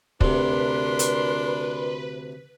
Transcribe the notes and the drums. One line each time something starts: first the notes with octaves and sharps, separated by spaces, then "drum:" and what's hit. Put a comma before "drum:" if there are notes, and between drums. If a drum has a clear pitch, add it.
D2 C3 D4 A#4 B4 C6, drum: kick
drum: hi-hat